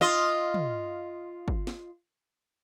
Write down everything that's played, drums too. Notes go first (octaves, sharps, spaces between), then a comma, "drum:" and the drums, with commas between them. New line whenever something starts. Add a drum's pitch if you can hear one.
F4 D#5
drum: tom
drum: kick
drum: snare